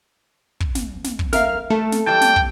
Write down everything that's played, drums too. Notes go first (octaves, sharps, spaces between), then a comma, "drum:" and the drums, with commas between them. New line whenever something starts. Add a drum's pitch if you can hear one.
drum: kick
drum: snare
drum: snare
drum: kick
A#4 E5 F5 F6, drum: snare
A3 A4
drum: snare
E3 G3 G5 A5
drum: snare
drum: kick